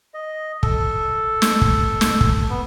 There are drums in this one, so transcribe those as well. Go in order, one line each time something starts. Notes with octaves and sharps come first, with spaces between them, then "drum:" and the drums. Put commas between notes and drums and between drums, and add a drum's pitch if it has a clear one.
D#5
A4, drum: kick
drum: snare
drum: kick
drum: snare
drum: kick
B3